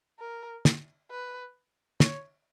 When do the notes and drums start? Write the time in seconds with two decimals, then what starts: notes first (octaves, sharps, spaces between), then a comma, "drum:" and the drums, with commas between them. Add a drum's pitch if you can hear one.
0.19 A#4
0.65 drum: snare
1.11 B4
2.00 C#5, drum: snare